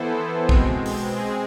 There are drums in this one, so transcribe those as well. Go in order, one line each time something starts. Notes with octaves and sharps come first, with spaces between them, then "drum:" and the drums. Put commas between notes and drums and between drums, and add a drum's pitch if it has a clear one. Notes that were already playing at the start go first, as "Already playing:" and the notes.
Already playing: E3 B3 E4 A4 C5
B2 G#3 C4, drum: kick
drum: open hi-hat
G#3 C4 G#4